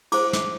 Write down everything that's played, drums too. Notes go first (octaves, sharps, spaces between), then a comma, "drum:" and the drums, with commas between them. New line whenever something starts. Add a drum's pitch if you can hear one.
E4 G#4 C5 D6, drum: cymbal
drum: snare